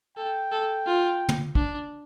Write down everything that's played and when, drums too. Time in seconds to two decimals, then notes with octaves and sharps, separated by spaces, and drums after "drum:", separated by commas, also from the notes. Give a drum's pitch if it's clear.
0.17 A4 G5
0.52 A4
0.86 F4
1.29 drum: tom
1.55 D4, drum: kick